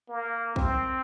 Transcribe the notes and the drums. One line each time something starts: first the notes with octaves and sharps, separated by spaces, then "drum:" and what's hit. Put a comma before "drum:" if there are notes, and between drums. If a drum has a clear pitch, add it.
A#3
C4, drum: kick A#1